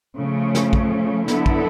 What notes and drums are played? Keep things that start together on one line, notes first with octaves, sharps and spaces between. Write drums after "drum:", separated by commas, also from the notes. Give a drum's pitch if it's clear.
C#3 F3 A3 C#4
drum: snare
drum: kick
D3 F#3 B3 E4 A4, drum: snare
drum: kick